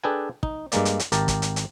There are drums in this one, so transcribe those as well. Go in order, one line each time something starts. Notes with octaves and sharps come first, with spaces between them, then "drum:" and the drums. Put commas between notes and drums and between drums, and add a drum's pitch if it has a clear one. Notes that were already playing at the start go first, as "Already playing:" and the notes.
D4 G#4 A4 B4 G5 G#5
D#4, drum: kick
G2 G#3 A#3 D5, drum: hi-hat
drum: hi-hat
drum: hi-hat
G#1 G4 A#4 A5, drum: hi-hat
drum: kick, hi-hat
drum: hi-hat
drum: hi-hat